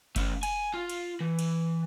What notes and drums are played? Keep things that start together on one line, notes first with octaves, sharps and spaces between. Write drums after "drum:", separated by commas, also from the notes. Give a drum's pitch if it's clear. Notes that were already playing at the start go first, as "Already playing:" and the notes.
A3 C#4, drum: kick F#1, cymbal
G#5, drum: cymbal
F4
drum: cymbal
E3
drum: cymbal